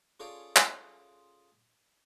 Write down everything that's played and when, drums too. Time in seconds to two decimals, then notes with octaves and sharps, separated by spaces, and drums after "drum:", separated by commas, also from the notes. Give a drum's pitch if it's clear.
0.20 C#4 F4 G#4 A4 C5 D5
0.56 drum: clap